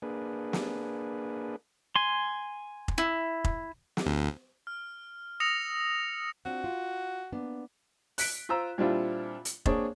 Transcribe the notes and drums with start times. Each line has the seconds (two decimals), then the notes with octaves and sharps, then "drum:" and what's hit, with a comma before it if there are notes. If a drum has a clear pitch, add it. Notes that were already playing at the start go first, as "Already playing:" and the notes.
0.02 A#3 D4 G#4 B4
0.53 drum: snare
1.96 G#5 C6
2.88 drum: kick F1
2.98 E4
3.44 drum: kick F1
3.97 drum: snare
4.06 D2
4.67 F6
5.40 D#6 E6 A#6 C#7 F7
6.45 C4 D4 F4 F#4
6.64 F4
7.32 A#3 B3 D4
8.18 F#6 B6 D7, drum: open hi-hat
8.49 F4 C5 A#5 E6
8.78 A#2 G3 C4 D4 E4 F4
9.45 drum: hi-hat
9.66 A#3 C4 D4 G#4 C#5, drum: kick F1